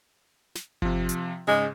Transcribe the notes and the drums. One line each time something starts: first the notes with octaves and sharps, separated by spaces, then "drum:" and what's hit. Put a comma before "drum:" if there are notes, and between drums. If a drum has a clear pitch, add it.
drum: snare
C3 F3, drum: kick G1
drum: hi-hat
G#2 C#3 G#3